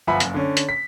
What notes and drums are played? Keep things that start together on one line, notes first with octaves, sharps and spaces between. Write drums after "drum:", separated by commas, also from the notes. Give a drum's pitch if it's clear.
G1 F3 E5 F#5 G#5 B5
F#1, drum: hi-hat
D3 C#4
drum: hi-hat
B6